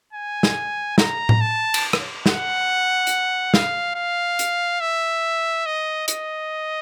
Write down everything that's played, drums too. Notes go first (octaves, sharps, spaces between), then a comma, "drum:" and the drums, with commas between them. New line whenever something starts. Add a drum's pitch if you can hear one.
G#5
drum: snare
A#5, drum: snare
drum: tom A2
A5
drum: cymbal
drum: rim click
F#5, drum: snare
drum: hi-hat
F5, drum: snare
F5
drum: hi-hat
E5
D#5
D#5, drum: hi-hat